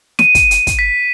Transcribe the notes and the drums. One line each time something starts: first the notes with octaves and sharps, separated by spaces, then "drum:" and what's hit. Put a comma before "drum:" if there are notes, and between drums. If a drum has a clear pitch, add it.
D#7, drum: snare
drum: kick, hi-hat
drum: hi-hat
drum: kick, hi-hat
B6